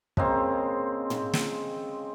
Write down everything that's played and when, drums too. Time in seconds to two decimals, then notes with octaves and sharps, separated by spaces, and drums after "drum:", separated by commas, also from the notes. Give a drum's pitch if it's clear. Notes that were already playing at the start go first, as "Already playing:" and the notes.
0.17 C#3 G#3 A#3 C4, drum: kick
1.10 drum: tom
1.33 drum: snare